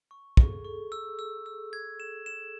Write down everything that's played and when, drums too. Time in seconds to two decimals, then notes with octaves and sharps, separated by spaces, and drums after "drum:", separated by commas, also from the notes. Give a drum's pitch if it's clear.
0.11 C#6
0.37 G#4 C#6, drum: kick
0.45 A4
0.53 G#4
0.65 A4 C#6
0.92 E6
1.19 E6
1.46 E6
1.73 G#6
2.00 E7
2.26 E7